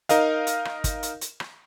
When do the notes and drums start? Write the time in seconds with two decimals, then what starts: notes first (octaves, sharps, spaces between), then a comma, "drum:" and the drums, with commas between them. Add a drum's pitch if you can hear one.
0.09 D#4 A#4 D#5 F5, drum: hi-hat
0.47 drum: hi-hat
0.65 drum: rim click
0.84 drum: kick, hi-hat
1.03 drum: hi-hat
1.21 drum: hi-hat
1.40 drum: rim click